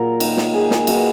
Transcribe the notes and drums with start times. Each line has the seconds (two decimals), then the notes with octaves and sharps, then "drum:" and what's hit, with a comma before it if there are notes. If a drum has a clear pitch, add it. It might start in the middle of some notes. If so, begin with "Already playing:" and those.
Already playing: A#2 F#3 A#4
0.20 D#3 A#3, drum: cymbal
0.37 drum: snare
0.54 G#4
0.71 drum: snare
0.87 D#3 A#3 F#4, drum: cymbal
0.95 B4